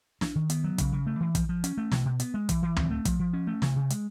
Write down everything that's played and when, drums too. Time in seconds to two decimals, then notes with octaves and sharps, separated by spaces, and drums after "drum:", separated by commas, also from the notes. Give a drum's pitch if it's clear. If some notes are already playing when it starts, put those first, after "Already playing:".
0.21 D4, drum: snare
0.35 D#3
0.50 B3, drum: hi-hat
0.64 F#3
0.78 C#3, drum: kick, hi-hat
0.92 C#3
1.07 A3
1.20 E3
1.35 F3, drum: kick, hi-hat
1.49 F3
1.64 C#4, drum: hi-hat
1.77 A3
1.92 B2, drum: snare
2.05 B2
2.20 B3, drum: hi-hat
2.34 G#3
2.49 E3, drum: kick, hi-hat
2.62 E3
2.76 C4, drum: tom
2.91 A3
3.05 F3, drum: kick, hi-hat
3.19 F3
3.33 C#4
3.47 A3
3.62 C3, drum: snare
3.76 C3
3.90 G#3, drum: hi-hat